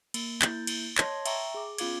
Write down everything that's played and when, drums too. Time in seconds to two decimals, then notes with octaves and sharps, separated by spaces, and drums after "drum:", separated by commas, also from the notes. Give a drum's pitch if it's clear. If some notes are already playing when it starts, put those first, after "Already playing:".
0.14 A#3, drum: cymbal
0.42 A#3 E4 G6 A6, drum: clap
0.67 drum: cymbal
0.98 C#5 D#5 A5 C6 G#6 A#6, drum: clap
1.26 E5 G5 A#5 C#6, drum: cymbal
1.54 G#4 D6
1.78 B3 C#4 F4 F5 D6 G#6, drum: cymbal